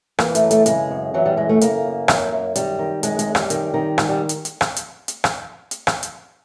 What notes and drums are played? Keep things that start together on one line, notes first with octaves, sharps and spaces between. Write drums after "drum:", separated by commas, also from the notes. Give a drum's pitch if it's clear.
E3 A#3, drum: rim click
A3, drum: hi-hat
F#2
A3, drum: hi-hat
C#3 G#3, drum: hi-hat
F#2
E3 F#3
G3
F#2 G#3
A3
C#3 A#3, drum: hi-hat
F#2
F#2, drum: rim click
F#2
D#3 G3, drum: hi-hat
D#3
F#2 G#3, drum: hi-hat
G#3, drum: hi-hat
F#2
G3, drum: rim click
D#3, drum: hi-hat
D#3
G#2, drum: rim click
G3
drum: hi-hat
drum: hi-hat
drum: rim click
drum: hi-hat
drum: hi-hat
drum: rim click
drum: hi-hat
drum: rim click
drum: hi-hat